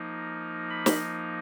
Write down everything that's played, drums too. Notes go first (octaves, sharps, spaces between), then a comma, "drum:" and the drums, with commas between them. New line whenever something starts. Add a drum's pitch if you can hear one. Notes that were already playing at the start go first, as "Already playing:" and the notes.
Already playing: F3 A#3 D#4
B5
drum: snare